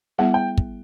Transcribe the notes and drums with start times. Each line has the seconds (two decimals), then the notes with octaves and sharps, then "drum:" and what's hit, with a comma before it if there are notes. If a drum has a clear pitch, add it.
0.18 G3 B3 E4 G#4 F#5
0.34 G5
0.58 drum: kick